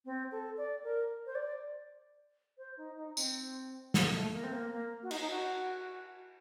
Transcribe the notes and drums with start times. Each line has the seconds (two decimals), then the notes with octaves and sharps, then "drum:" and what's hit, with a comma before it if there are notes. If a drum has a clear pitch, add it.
0.05 C4
0.32 A4
0.57 D5
0.84 A#4
1.26 C5
1.35 D5
2.58 C5
2.77 D#4
2.97 D#4
3.17 C4, drum: tambourine
3.94 A#3, drum: snare
4.14 A3
4.33 A#3
4.44 C4
4.53 A#3
4.72 A#3
5.03 F#4
5.11 D#4, drum: cymbal
5.21 D#4
5.30 F#4